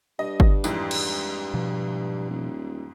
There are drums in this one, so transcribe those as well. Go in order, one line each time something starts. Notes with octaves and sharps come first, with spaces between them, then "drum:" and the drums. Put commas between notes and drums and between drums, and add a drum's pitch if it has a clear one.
G2 D#5
drum: kick G1
F2 G#2 E3, drum: tambourine
drum: cymbal
B2 F3
D#1